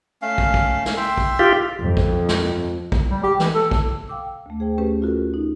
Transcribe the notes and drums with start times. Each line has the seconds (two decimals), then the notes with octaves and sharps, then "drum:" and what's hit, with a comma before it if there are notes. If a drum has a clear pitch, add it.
0.22 A3 C#4 F5
0.38 drum: kick
0.54 drum: kick
0.86 drum: snare
0.97 E5 G5 C6
1.17 drum: kick
1.39 F4 G4
1.81 F2
1.97 drum: kick
2.29 drum: snare
2.92 drum: kick
3.11 G3
3.23 G4
3.40 E3, drum: snare
3.55 A4
3.71 drum: kick
4.08 F5 G5 D6 E6
4.46 D2 A3
4.60 G#4 C5 G5
4.78 A3 C#4 G4 B4
5.02 F4 F#4 A4 A#4
5.34 D#4